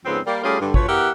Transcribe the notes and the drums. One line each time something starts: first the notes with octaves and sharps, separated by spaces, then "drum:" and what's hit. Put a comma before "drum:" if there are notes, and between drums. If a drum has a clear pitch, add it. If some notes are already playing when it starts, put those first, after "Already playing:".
F2 G#2 C#3 B3 C4
G3 A#3
G3 A3 C#4 F4 G4 G#4
G2 D3
D2 F3 B4 C#5, drum: kick G#1
E2 G4 A#4 E5 F#5